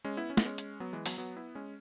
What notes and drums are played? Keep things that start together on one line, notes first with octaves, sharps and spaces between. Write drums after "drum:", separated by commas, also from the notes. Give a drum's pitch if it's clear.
G#3 C#4
B3 E4
C#4
B3, drum: snare
G#3 C#4
drum: hi-hat
F#3 B3
E3 G#3
F#3 B3, drum: open hi-hat
F#3 B3
B3 E4
G#3 C#4